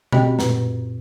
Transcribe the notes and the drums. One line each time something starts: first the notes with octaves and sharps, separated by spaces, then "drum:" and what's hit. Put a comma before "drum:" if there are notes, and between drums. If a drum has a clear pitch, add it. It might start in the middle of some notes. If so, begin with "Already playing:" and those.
C4 F#4 G4 D#5 G5, drum: tom B2
F#2 A#2 B4, drum: snare